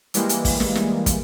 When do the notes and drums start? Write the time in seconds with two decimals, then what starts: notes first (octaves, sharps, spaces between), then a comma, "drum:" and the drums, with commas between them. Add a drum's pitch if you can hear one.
0.14 E3 G3 G#3 A#3, drum: hi-hat
0.29 drum: hi-hat
0.45 drum: kick, open hi-hat
0.60 drum: snare
0.75 drum: snare
1.06 drum: kick, hi-hat